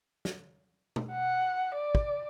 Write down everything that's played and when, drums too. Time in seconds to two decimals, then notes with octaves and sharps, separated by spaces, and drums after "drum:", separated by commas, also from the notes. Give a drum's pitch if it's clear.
0.25 drum: snare
0.96 drum: tom B2
1.12 F#5
1.75 D5
1.95 drum: kick